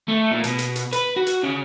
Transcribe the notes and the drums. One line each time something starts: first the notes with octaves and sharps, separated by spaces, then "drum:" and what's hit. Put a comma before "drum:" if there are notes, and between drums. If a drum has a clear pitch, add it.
A3
A#2
B2, drum: hi-hat
drum: hi-hat
drum: hi-hat
B4, drum: hi-hat
F#4
drum: hi-hat
C#3